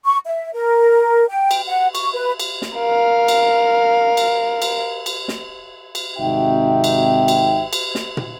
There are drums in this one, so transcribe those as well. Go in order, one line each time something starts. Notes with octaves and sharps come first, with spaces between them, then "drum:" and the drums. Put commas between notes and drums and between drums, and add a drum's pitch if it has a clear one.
C#6
E5
A#4
G5
drum: cymbal
F#5
C#6, drum: cymbal
B4
drum: cymbal
drum: snare
A#4 F5
drum: cymbal
drum: cymbal
drum: cymbal
drum: cymbal
drum: snare
drum: cymbal
G#1 C3 D#4 F#4 E5 G5
drum: cymbal
drum: cymbal
drum: cymbal
drum: snare
drum: tom